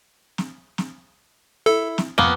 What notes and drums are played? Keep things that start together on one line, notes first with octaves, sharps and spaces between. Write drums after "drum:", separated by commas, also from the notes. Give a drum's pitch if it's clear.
drum: snare
drum: snare
E4 A4
drum: snare
F2 A#3 B3 G7